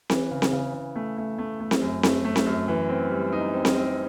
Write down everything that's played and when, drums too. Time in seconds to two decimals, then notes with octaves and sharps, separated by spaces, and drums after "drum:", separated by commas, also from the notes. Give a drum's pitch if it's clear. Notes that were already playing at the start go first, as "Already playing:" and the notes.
0.10 E3, drum: snare C4
0.31 C#3
0.42 drum: snare C4
0.53 C#3
0.74 C#3
0.96 A3
1.18 A3
1.38 A3
1.60 A3
1.71 drum: snare C4
1.82 F#2
2.03 A3, drum: snare C4
2.25 A3
2.36 drum: snare C4
2.46 F#2
2.68 E3
2.89 C4
3.11 G3
3.32 D#4
3.54 C4
3.65 drum: snare C4
3.75 C4